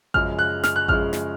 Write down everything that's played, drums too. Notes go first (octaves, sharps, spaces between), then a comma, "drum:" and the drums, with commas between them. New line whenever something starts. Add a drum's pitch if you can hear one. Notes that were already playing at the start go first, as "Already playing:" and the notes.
F#2 C#3 F3 G#3 F6, drum: kick A1
F#6
F6, drum: snare
F#6
F#2 C#3 F3 G#3 F6, drum: kick A1
drum: snare